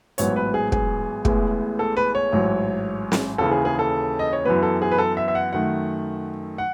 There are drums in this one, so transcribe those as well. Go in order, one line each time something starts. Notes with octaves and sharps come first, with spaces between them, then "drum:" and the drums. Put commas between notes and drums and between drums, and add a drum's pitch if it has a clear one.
A1 G#2 F#3 B3 C#5, drum: hi-hat
B4
G#4
G#4, drum: kick
A1 A2 G#3 B3, drum: kick
A4
B4
C#5
A1 G#2 F#3
drum: snare
D#2 C#3 E3 A4
G#4
G#4
A4
D#5
C#5
F#2 E3 B3 B4
A4
G#4
B4
A4
E5
E5
F#5
F#2 D#3 A3 F#5
F#5